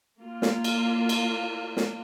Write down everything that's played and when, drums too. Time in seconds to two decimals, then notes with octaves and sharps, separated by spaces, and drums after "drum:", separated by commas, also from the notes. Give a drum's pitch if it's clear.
0.20 A#3 F4
0.42 drum: snare
0.64 drum: cymbal
1.09 drum: cymbal
1.77 drum: snare